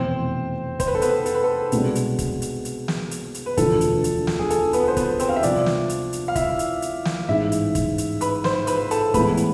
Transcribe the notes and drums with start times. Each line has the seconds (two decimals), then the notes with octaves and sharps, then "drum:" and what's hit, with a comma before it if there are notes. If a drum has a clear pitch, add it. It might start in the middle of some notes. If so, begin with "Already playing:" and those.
Already playing: F1 E2 B2 A3 C4 E4 C5
0.80 C5, drum: kick, hi-hat
0.87 B4
0.95 A4
1.02 B3 B4, drum: hi-hat
1.26 A4, drum: hi-hat
1.34 B4
1.44 A4
1.72 C2 B2 G#3 D4, drum: hi-hat
1.95 drum: hi-hat
2.19 drum: kick, hi-hat
2.42 drum: hi-hat
2.65 drum: hi-hat
2.88 drum: snare
3.11 drum: hi-hat
3.34 drum: hi-hat
3.46 B4
3.57 E1 D2 D3 F3 A4, drum: kick, hi-hat
3.81 drum: hi-hat
4.04 drum: hi-hat
4.27 drum: snare
4.39 G#4
4.50 A4, drum: hi-hat
4.73 B3 B4, drum: hi-hat
4.88 C5
4.97 B3 B4, drum: kick, hi-hat
5.19 C4 C5, drum: hi-hat
5.29 F5
5.36 E5
5.43 C2 C3 F3 B3 D4 D5, drum: hi-hat
5.66 drum: snare
5.89 drum: hi-hat
6.13 drum: hi-hat
6.28 F5
6.35 E4 E5, drum: kick, hi-hat
6.59 drum: hi-hat
6.82 drum: hi-hat
7.05 drum: snare
7.28 A1 G#2 G#3 E4 E5
7.52 drum: hi-hat
7.75 drum: kick, hi-hat
7.98 drum: hi-hat
8.21 B4 B5, drum: hi-hat
8.44 C5 C6, drum: snare
8.67 B4 B5, drum: hi-hat
8.91 A4 A5, drum: hi-hat
9.14 A2 E3 G#3 B3 B4 B5, drum: kick, hi-hat
9.37 drum: hi-hat